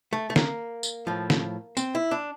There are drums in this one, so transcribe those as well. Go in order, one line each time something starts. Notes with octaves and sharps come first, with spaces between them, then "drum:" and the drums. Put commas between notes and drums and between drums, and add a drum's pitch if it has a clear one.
A3
A3
A#3, drum: snare
drum: tambourine
A2 F3
drum: snare
C4, drum: tambourine
E4
D4